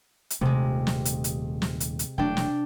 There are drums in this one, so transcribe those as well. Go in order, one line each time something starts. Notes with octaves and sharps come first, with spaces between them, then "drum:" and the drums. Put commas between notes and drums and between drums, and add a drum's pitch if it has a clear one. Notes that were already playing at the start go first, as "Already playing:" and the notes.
drum: hi-hat
D#1 D#2 C3 G#3 A3
drum: snare
drum: hi-hat
drum: hi-hat
drum: snare
drum: hi-hat
drum: hi-hat
E1 F#3 A3 D4 G5
drum: snare